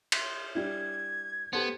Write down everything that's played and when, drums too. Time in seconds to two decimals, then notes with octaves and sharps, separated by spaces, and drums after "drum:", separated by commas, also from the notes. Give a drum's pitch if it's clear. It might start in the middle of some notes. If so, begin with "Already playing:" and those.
0.12 C6, drum: cymbal
0.55 G3 D4 E4 G#6
1.53 B3 G4 A4 C5